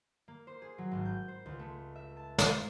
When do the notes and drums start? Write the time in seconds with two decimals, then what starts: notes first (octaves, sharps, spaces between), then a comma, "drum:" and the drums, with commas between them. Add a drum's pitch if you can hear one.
0.28 A#3
0.47 C5
0.62 G#4
0.78 F#3
0.92 G#1
1.05 G6
1.28 C5
1.46 C#2
1.59 A3
1.96 E5
2.17 A5
2.38 C5, drum: snare